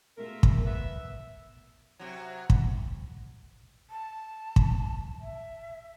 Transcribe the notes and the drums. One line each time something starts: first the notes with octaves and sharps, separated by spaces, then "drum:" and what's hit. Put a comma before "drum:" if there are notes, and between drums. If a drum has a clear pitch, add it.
B2 G#3 A3 F4 A#4 E5
drum: kick
B3 E5
C3 F#3
drum: kick
A5
drum: kick
E5